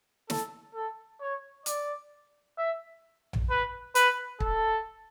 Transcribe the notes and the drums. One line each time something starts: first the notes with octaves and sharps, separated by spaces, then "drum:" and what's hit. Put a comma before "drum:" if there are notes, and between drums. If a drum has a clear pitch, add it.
A4, drum: snare
A4
C#5
D5, drum: hi-hat
E5
drum: tom A#1
B4
B4, drum: hi-hat
A4, drum: kick